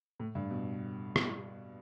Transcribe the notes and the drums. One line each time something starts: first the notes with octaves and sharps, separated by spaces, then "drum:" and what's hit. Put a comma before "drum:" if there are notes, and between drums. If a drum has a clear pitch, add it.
A2
G2
B2
drum: rim click